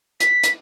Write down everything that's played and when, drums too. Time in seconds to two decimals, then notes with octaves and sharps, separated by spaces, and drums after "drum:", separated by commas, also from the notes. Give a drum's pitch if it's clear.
0.20 B6, drum: hi-hat
0.43 drum: hi-hat